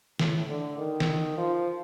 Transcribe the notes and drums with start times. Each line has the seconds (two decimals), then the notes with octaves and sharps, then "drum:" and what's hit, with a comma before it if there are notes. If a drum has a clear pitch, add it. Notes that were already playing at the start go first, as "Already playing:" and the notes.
0.19 A2, drum: snare
0.49 D3
0.78 D#3
1.00 drum: snare
1.38 F3